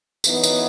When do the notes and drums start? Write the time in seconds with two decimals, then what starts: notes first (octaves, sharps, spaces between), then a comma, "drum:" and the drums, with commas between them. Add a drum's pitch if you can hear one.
0.24 F#2 E3 B3 D#4, drum: tambourine
0.44 drum: tambourine